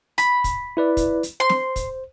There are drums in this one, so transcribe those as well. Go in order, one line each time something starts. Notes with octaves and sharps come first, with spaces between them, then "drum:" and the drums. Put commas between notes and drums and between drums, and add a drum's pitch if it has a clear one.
B5, drum: hi-hat
drum: kick, hi-hat
E4 B4 D5
drum: kick, hi-hat
drum: hi-hat
C5 C6
drum: snare
drum: kick, hi-hat